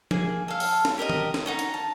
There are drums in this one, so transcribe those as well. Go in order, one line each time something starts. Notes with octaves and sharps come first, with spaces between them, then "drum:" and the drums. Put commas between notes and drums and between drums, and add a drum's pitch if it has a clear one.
A#3 G#4, drum: tom F3
A4 F5
drum: open hi-hat
drum: snare
G4 A#4 C5 D#5
drum: tom D#3
drum: snare
C#4 D#4 F#5
drum: hi-hat
A5